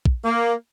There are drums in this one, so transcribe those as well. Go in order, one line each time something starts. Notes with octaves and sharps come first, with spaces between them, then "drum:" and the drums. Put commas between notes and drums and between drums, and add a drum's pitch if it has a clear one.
drum: kick
A#3